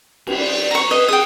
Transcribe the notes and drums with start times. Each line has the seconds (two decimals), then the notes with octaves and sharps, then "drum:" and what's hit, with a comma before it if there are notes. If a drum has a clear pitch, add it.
0.27 drum: cymbal
0.39 D5
0.71 A#5 C#6
0.91 B4 D#5
1.08 G#4 G5 D#6